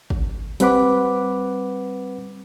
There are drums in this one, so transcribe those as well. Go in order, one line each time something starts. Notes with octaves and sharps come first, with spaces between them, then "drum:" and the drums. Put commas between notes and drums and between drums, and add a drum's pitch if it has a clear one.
drum: kick G#1
G3 C4 B4 F#5 B5 D6, drum: hi-hat